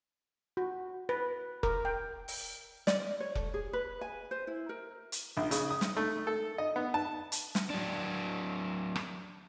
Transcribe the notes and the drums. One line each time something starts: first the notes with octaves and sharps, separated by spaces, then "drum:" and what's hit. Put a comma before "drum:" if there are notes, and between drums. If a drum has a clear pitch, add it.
F#4
B4
A#4, drum: kick F1
G5
drum: open hi-hat
D5, drum: snare
C#5
A4, drum: kick F1
G#4
B4
G#5
C5
E4
A#4
drum: hi-hat
A#1
C#3, drum: hi-hat
D#6
drum: snare
A3
A4
D#5
B3
A5
drum: hi-hat
drum: snare
F#3 D4
drum: rim click